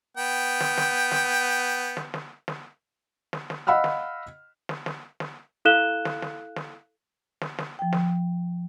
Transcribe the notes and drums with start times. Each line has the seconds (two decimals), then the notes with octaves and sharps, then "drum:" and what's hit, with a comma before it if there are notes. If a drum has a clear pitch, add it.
0.17 B3 G5
0.60 drum: snare
0.77 drum: snare
1.12 drum: snare
1.97 drum: snare
2.14 drum: snare
2.48 drum: snare
3.33 drum: snare
3.50 drum: snare
3.67 D#5 F5 F#5 B5 E6 F6
3.84 drum: snare
4.69 drum: snare
4.86 drum: snare
5.20 drum: snare
5.65 E4 A4 F5 F#6 E7 G7
6.05 drum: snare
6.22 drum: snare
6.56 drum: snare
7.41 drum: snare
7.58 drum: snare
7.79 F3 G5
7.93 drum: snare